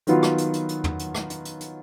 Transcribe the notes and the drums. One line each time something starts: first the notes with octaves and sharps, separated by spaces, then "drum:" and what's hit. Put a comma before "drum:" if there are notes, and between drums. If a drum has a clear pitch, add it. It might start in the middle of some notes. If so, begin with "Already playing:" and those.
D#3 F#3 B3 F4, drum: hi-hat
drum: rim click
drum: hi-hat
drum: hi-hat
drum: hi-hat
drum: tom
drum: hi-hat
drum: rim click
drum: hi-hat
drum: hi-hat
drum: hi-hat